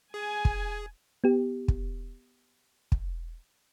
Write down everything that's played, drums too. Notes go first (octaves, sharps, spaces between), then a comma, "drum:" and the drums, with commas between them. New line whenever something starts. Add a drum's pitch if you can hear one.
G#4 G#5
drum: kick
B3 G4
drum: kick
drum: kick